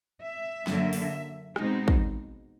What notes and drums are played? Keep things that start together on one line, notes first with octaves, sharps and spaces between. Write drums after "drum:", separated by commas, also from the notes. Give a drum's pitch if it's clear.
E5
F#2 D3 F#3 A#3, drum: snare
drum: open hi-hat
B2 G#3 C4 D#4, drum: rim click
drum: kick